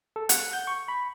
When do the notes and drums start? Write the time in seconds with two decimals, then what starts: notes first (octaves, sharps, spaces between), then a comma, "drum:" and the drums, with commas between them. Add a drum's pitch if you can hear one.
0.16 A4
0.29 F#5, drum: hi-hat
0.53 G6
0.67 C#6
0.88 B5